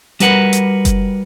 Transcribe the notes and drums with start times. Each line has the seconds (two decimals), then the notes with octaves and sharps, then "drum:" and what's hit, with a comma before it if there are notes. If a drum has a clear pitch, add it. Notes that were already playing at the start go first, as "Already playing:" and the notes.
0.20 G3 F#4 A#4 B4 F#5, drum: hi-hat
0.53 drum: hi-hat
0.85 drum: kick F#1, hi-hat